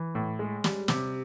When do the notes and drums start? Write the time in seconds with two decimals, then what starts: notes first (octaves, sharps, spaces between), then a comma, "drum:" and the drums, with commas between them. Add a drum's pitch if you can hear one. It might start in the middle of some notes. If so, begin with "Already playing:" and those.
Already playing: E3
0.15 A2
0.39 G#3
0.64 G3, drum: snare
0.88 C3, drum: snare